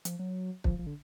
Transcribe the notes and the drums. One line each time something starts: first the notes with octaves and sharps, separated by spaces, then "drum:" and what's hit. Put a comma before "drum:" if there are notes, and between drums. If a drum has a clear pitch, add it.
F3, drum: hi-hat
F#3
F3, drum: kick
F3
D3